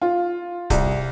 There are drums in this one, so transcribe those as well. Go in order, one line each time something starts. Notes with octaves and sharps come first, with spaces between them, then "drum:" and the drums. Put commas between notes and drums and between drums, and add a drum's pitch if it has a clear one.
F4
C2, drum: kick C#1, hi-hat